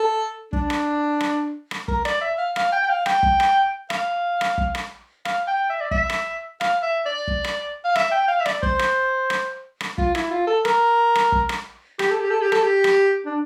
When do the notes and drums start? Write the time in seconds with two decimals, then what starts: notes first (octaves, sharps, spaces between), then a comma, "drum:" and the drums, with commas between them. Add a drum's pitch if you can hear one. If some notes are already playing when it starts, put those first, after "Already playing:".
Already playing: A4
0.53 D4, drum: kick
0.70 drum: rim click
1.20 drum: rim click
1.71 drum: rim click
1.88 A#4, drum: kick
2.05 D5, drum: rim click
2.21 E5
2.38 F5
2.56 F5, drum: rim click
2.72 G5
2.84 G5
2.89 F5
3.06 G5, drum: rim click
3.23 drum: kick
3.40 drum: rim click
3.90 F5, drum: rim click
4.41 drum: rim click
4.58 drum: kick
4.75 drum: rim click
5.25 F5, drum: rim click
5.48 G5
5.70 E5
5.81 D5
5.91 E5, drum: kick
6.10 drum: rim click
6.61 F5, drum: rim click
6.83 E5
7.06 D5
7.28 drum: kick
7.44 drum: rim click
7.85 F5
7.96 E5, drum: rim click
8.12 G5
8.28 F5
8.40 E5
8.46 D5, drum: rim click
8.63 C5, drum: kick
8.79 drum: rim click
9.30 drum: rim click
9.81 drum: rim click
9.98 F4, drum: kick
10.15 E4, drum: rim click
10.31 F4
10.47 A4
10.65 A#4, drum: rim click
11.15 drum: rim click
11.32 drum: kick
11.49 drum: rim click
11.99 G4, drum: rim click
12.11 A4
12.20 G4
12.31 A4
12.42 G4
12.52 A4, drum: rim click
12.63 G4
12.84 drum: rim click
13.26 D4